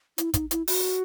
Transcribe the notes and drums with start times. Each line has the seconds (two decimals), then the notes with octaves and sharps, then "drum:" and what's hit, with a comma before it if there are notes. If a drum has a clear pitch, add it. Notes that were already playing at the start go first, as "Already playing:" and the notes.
0.18 E4, drum: hi-hat
0.34 D#4, drum: kick, hi-hat
0.51 E4, drum: hi-hat
0.68 F#4, drum: open hi-hat